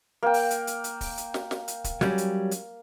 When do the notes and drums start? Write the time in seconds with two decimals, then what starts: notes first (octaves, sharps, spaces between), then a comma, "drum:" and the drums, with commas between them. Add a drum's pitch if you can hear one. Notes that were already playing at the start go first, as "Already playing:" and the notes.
0.23 A#3 G5
0.34 drum: open hi-hat
0.50 drum: hi-hat
0.67 drum: hi-hat
0.84 drum: hi-hat
1.01 drum: kick, open hi-hat
1.17 drum: hi-hat
1.34 drum: snare
1.51 drum: snare
1.68 drum: hi-hat
1.84 drum: kick, hi-hat
2.01 F#3 G3 C#4, drum: snare
2.18 drum: hi-hat
2.51 drum: hi-hat